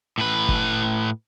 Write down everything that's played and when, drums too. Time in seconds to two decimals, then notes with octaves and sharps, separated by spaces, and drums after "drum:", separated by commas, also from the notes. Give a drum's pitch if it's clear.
0.18 A2 B4
0.49 drum: kick